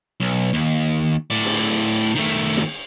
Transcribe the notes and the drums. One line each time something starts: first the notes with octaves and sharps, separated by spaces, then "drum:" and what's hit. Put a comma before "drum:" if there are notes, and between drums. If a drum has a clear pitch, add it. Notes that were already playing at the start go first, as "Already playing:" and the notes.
B1
D#2
A2 D5
drum: cymbal
D#3 A3
drum: snare